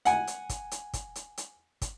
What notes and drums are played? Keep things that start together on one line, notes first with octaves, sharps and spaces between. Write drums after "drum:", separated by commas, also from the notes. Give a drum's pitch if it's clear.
F#5 G#5, drum: hi-hat
drum: hi-hat
drum: kick, hi-hat
drum: hi-hat
drum: kick, hi-hat
drum: hi-hat
drum: hi-hat
drum: kick, hi-hat